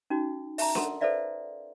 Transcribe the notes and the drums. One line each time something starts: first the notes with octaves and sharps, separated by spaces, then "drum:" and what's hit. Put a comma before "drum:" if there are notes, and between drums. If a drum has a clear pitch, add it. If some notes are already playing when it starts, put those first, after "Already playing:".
C#4 D#4 F#4
E5 A5 A#5, drum: open hi-hat
A4 A#4 F#5 C6, drum: snare D4
A4 B4 C5 D5 E5 F5